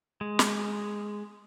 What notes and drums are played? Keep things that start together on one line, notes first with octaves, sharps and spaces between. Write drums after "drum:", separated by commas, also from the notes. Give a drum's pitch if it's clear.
G#3
drum: snare